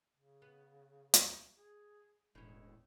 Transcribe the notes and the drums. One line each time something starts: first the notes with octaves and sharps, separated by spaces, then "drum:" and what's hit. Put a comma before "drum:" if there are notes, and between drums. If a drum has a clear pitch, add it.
C#3
B3
drum: hi-hat
G#4
E1 A2 G#3 C#4